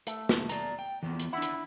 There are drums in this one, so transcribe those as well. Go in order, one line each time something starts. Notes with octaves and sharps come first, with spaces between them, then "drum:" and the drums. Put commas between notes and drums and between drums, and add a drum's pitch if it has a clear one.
A3, drum: hi-hat
drum: snare
D5 A#5, drum: hi-hat
G5
E2 E3 F3 B3
drum: hi-hat
D4 E4 F#5
drum: hi-hat